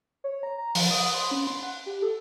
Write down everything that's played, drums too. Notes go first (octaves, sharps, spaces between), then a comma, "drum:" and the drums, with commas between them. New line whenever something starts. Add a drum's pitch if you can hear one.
C#5
A#5
A#5
F3, drum: open hi-hat
D#6
C6
C#4
C6
F#5
G4
A4